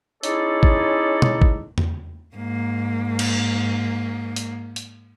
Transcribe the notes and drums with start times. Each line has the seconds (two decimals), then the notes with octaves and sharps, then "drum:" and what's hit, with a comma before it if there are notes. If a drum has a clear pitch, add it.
0.23 C#4 D#4 E4 G#4 A4 D5, drum: hi-hat
0.63 drum: kick G#1
1.22 drum: tom B2
1.42 drum: kick G#1
1.78 drum: tom E2
2.36 G#2 A#3
3.19 drum: cymbal
4.36 drum: hi-hat
4.76 drum: hi-hat